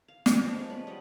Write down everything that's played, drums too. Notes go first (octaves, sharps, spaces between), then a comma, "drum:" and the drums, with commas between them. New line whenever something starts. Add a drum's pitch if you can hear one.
F5
G4 B4 D5 E5, drum: snare
F3 D4
G#3 A4 F5
C#4 B4 D5
G3 D#5 F#5